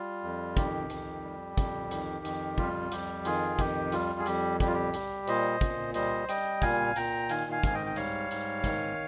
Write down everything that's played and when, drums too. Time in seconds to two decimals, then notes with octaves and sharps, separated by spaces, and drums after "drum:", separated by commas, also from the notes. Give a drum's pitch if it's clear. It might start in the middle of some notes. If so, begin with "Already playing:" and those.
Already playing: G3 F4
0.23 F2
0.57 D#3 G4, drum: kick, hi-hat
0.90 F2, drum: hi-hat
1.23 G3
1.57 F2, drum: kick, hi-hat
1.91 D#3, drum: hi-hat
2.25 F2, drum: hi-hat
2.58 G3 F4, drum: kick
2.92 F2 G4, drum: hi-hat
3.25 D#3 F4 G#4, drum: hi-hat
3.59 F2 G4, drum: kick, hi-hat
3.92 G3 F4, drum: hi-hat
4.19 G#4
4.26 F2 G4, drum: hi-hat
4.60 G3 G4, drum: kick, hi-hat
4.67 F4
4.74 G4
4.94 G3, drum: hi-hat
5.28 A#2 C5 D#5, drum: hi-hat
5.61 A#2, drum: kick, hi-hat
5.94 G3 C5 D#5, drum: hi-hat
6.29 G3 D#5 G5, drum: hi-hat
6.62 A#2 F5 G#5, drum: kick, hi-hat
6.96 A#2 G5 A#5, drum: hi-hat
7.29 D#3 F5 G#5, drum: hi-hat
7.51 F5 G#5
7.63 G#2 G#5, drum: kick, hi-hat
7.74 D#5 G5
7.86 G5
7.96 G3 C#5 F5, drum: hi-hat
8.31 G#2, drum: hi-hat
8.64 D#3, drum: kick, hi-hat